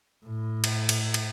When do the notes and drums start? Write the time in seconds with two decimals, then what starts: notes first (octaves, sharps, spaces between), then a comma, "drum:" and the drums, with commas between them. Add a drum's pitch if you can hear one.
0.26 A2
0.64 drum: cymbal
0.89 drum: cymbal
1.14 drum: cymbal